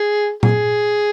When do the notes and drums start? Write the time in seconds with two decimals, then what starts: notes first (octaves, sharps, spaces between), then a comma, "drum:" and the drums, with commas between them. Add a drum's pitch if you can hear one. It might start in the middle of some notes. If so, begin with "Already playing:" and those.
Already playing: G#4
0.43 G#4, drum: tom A#2